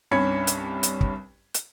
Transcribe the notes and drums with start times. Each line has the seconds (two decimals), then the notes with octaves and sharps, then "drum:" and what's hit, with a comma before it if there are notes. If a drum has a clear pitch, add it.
0.11 C2 G2 C#4 B5 G#6 C#7
0.47 drum: hi-hat
0.83 drum: hi-hat
1.01 drum: kick
1.54 drum: hi-hat